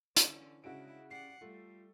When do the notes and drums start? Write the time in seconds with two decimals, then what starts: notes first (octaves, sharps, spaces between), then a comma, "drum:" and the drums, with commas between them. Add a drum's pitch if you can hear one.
0.16 D3 E3 C#4 D4, drum: hi-hat
0.64 C#3 G#3 C#4 D4 E4 F#4 D7
1.11 G4 D5 F#5 C7
1.41 G3 A3 F4